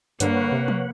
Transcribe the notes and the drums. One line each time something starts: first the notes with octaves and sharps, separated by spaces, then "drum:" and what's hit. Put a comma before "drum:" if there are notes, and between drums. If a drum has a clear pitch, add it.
G2 D3 A#3 B4 C#5 F#5, drum: hi-hat
C3
drum: tom F3